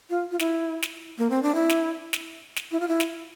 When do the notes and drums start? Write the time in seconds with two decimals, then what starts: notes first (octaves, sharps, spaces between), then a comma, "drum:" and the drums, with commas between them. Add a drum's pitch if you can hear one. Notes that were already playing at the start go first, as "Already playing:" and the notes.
0.10 F4
0.31 F4
0.39 E4, drum: snare
0.82 drum: snare
1.18 A#3
1.30 C4
1.43 D4
1.55 E4
1.69 drum: snare
2.13 drum: snare
2.56 drum: snare
2.71 E4
2.80 F4
2.88 E4
3.00 drum: snare